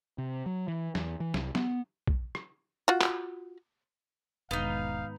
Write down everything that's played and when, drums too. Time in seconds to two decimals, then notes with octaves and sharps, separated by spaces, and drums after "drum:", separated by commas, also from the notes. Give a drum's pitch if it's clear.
0.18 C3
0.46 F#3
0.68 E3
0.95 E2, drum: snare
1.20 E3
1.34 C2, drum: snare
1.55 B3, drum: snare
2.07 drum: kick
2.35 drum: rim click
2.88 F4 F#4
3.01 drum: clap
4.51 E1 G#2 D#3 G#3 B3 D#4 F5